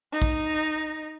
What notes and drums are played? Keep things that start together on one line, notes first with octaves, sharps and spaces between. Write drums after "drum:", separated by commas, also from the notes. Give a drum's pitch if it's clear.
D#4
drum: kick